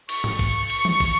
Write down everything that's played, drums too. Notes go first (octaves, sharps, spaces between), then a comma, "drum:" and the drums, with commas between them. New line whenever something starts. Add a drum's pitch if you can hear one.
C#6, drum: cymbal
drum: tom G#2
drum: kick, cymbal
drum: cymbal
drum: tom E3
drum: kick, cymbal